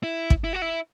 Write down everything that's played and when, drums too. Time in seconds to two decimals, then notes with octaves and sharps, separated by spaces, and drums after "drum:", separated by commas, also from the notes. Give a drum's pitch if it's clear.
0.03 E4
0.30 drum: kick
0.44 E4
0.53 F#4
0.62 E4